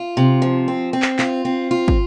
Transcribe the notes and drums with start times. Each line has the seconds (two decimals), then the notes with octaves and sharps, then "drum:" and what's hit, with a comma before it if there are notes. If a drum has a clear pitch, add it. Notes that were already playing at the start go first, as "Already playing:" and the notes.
Already playing: F4
0.17 C3
0.42 F3
0.68 C4
0.93 C4
1.02 drum: clap
1.19 F4, drum: clap
1.45 C4
1.71 F4
1.88 drum: kick